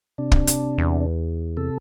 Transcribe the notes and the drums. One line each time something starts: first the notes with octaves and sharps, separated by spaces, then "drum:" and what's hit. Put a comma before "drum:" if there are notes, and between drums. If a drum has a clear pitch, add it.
C3 D4
drum: kick
drum: hi-hat
E2
C3 A4